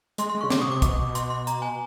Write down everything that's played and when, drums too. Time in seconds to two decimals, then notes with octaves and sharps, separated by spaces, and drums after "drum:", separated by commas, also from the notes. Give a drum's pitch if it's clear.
0.18 G#3 C6, drum: hi-hat
0.30 C6
0.35 G#3
0.41 C#6
0.44 C#3
0.50 D3 D6, drum: snare
0.61 B2 D#6
0.67 C3 D6
0.82 B2 D6, drum: kick, hi-hat
0.99 B2
1.15 C6, drum: hi-hat
1.30 C6
1.47 A#5, drum: hi-hat
1.62 G#5